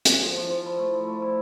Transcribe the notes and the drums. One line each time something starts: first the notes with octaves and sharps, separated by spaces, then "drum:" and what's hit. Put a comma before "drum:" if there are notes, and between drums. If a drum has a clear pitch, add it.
drum: hi-hat
F3
F3
F3
E4
A3
F3
A3
E4